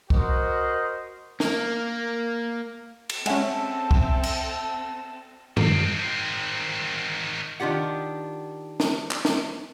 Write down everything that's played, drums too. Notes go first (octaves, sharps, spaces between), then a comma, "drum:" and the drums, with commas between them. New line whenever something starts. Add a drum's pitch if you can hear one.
F#4 A#4 C5 D#5, drum: kick
A#3 A#4, drum: snare
drum: cymbal
G#3 C4 C#4 A4 E5 F#5 G#5 A5, drum: cymbal
drum: kick
drum: cymbal
D#3 C4, drum: tom
D#3 D4 F4 G4 F#5
drum: snare
drum: clap
drum: snare